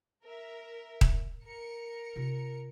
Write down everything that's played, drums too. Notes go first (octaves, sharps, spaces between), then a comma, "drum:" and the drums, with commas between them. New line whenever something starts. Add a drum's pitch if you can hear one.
A#4 E5
drum: kick D#1
A#4 C#7
C3 F4